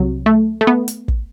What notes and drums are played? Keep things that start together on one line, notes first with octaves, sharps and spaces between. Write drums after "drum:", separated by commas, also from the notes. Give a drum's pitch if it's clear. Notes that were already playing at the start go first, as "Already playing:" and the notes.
Already playing: C2 C3 F#3
A3
A3
B3
drum: hi-hat
drum: kick